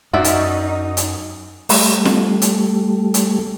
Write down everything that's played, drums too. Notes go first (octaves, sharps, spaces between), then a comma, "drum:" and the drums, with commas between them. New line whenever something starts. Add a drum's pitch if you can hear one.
F#2 D#4 F#4 D5 E5
drum: hi-hat
drum: hi-hat
G3 A3, drum: open hi-hat
drum: snare
drum: hi-hat
drum: hi-hat